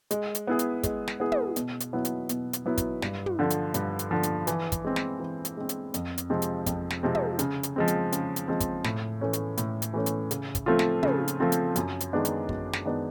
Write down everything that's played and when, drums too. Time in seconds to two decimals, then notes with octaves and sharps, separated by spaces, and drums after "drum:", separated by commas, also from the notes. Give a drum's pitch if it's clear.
0.11 G#3, drum: hi-hat
0.35 drum: hi-hat
0.47 B3 E4 G#4
0.59 drum: hi-hat
0.83 G#3, drum: kick, hi-hat
1.08 drum: snare
1.20 B3 E4 G#4
1.32 drum: tom
1.56 B2, drum: hi-hat
1.80 drum: hi-hat
1.93 F#3 B3 E4
2.05 drum: hi-hat
2.29 B2, drum: hi-hat
2.53 drum: hi-hat
2.66 F#3 B3 E4
2.78 drum: kick, hi-hat
3.02 G2, drum: snare
3.26 drum: tom
3.39 D3 F3
3.50 drum: hi-hat
3.74 G2, drum: hi-hat
3.99 drum: hi-hat
4.11 D3 F3
4.23 drum: hi-hat
4.47 E3, drum: hi-hat
4.72 drum: kick, hi-hat
4.85 G#3 C4
4.96 drum: snare
5.20 E3
5.45 drum: hi-hat
5.57 G#3 C4
5.69 drum: hi-hat
5.94 F2, drum: hi-hat
6.18 drum: hi-hat
6.30 C3 F3 G#3 C4
6.42 drum: hi-hat
6.66 F2, drum: kick, hi-hat
6.90 drum: snare
7.03 C3 F3 G#3 C4
7.15 drum: tom
7.39 C#3, drum: hi-hat
7.63 drum: hi-hat
7.76 F3 G#3 C4
7.88 drum: hi-hat
8.12 C#3, drum: hi-hat
8.36 drum: hi-hat
8.48 F3 G#3 C4
8.60 drum: kick, hi-hat
8.84 A2, drum: snare
9.21 E3 A3 C#4
9.33 drum: hi-hat
9.57 A2, drum: hi-hat
9.82 drum: hi-hat
9.94 E3 A3 C#4
10.06 drum: hi-hat
10.31 C#3, drum: hi-hat
10.55 drum: kick, hi-hat
10.66 F3 A3 C4 F4
10.79 drum: snare
11.03 C#3, drum: tom
11.28 drum: hi-hat
11.40 F3 A3 C4 F4
11.52 drum: hi-hat
11.76 F#2, drum: hi-hat
12.00 drum: hi-hat
12.13 D#3 G#3 B3 D4
12.25 drum: hi-hat
12.49 F#2, drum: kick
12.73 drum: snare
12.85 D#3 G#3 B3 D4